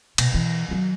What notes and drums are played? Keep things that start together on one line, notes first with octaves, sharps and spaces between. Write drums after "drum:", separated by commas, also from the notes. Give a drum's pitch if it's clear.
B2, drum: cymbal
B2 E3
D#3 F#3